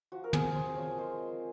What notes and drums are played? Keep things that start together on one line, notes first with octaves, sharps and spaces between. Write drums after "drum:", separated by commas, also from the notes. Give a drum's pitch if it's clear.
F3 F#4
A#4
F3 G#4, drum: tom
C4 C5
F3 C#5
G#3 C5
C4